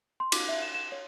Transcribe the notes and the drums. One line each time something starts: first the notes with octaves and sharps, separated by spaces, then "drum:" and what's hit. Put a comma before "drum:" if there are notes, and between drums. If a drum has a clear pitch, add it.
C6
D6, drum: cymbal
E5
E7
E7
C#5